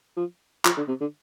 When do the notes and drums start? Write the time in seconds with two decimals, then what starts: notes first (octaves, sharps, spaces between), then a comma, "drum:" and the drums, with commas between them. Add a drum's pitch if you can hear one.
0.17 F3
0.65 F3, drum: clap
0.77 D3
0.88 C3
1.01 D3